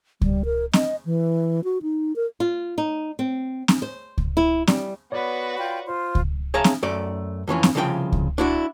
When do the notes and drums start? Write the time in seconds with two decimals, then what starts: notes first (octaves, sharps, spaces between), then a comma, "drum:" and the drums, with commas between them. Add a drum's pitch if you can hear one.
0.21 G3, drum: kick C#2
0.45 A#4
0.73 D#5, drum: snare C4
1.05 E3
1.64 F#4
1.82 D#4
2.16 A#4
2.40 F4
2.78 D#4
3.19 C4
3.68 drum: snare C4
3.82 C5
4.18 drum: kick C#2
4.37 E4
4.67 G3, drum: snare C4
5.12 B3 F#4 B4 C#5 D5
5.58 F4 G5
5.87 F4 C5
6.15 drum: kick C#2
6.54 G#4 C#5 E5 F5 A5 A#5
6.64 drum: snare C4
6.83 F#2 A3 D5
7.48 F2 E3 C#4 F4
7.63 drum: snare C4
7.75 C2 C#3 F3 F4 C5 G5
8.12 drum: kick C#2
8.38 D4 E4 F#4